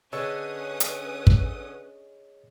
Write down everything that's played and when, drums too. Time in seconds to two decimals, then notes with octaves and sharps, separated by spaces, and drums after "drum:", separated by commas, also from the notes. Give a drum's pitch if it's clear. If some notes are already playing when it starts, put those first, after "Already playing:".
0.13 D3 C#4 G#4 B4 C#5 D#5 D#6
0.80 drum: hi-hat
1.27 drum: kick